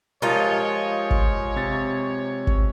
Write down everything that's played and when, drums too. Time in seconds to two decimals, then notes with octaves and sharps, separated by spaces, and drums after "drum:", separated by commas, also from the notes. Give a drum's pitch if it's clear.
0.22 F3 G#3 D#4 F4 G4 A#4 C#5
1.11 drum: kick G1
1.56 C3 A6
2.47 drum: kick G1